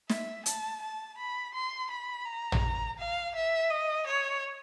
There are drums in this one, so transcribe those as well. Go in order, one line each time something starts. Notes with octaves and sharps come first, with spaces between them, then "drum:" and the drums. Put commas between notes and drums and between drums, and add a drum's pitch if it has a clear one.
E5, drum: snare
A5, drum: hi-hat
A5
B5
C6
B5
A#5
drum: tom
F5
E5
D#5
C#5